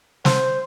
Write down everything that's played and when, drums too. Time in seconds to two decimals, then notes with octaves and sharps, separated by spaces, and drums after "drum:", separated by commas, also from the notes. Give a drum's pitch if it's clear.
0.25 C5, drum: snare